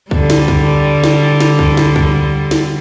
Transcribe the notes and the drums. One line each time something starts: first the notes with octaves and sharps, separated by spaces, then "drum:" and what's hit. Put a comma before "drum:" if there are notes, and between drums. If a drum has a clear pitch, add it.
D3 G3, drum: kick C#2
drum: snare
drum: kick C#2
drum: snare
drum: snare
drum: kick C#2
drum: snare
drum: kick C#2
drum: snare